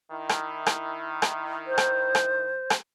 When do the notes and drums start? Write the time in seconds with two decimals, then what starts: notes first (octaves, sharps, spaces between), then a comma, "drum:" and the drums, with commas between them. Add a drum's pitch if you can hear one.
0.11 D#3 E4
0.29 drum: rim click
0.66 drum: rim click
1.22 drum: rim click
1.67 C5
1.78 drum: rim click
2.15 drum: rim click
2.70 drum: rim click